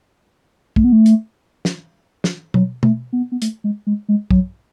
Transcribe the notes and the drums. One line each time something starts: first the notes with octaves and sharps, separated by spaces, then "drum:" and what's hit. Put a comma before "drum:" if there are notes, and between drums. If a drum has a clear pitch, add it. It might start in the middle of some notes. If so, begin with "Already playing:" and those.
A3, drum: kick
B3
A3
drum: hi-hat
drum: snare
drum: snare
F#3, drum: tom B2
A3, drum: tom B2
B3
B3
A3, drum: hi-hat
G#3
G#3
G#3
F#3, drum: kick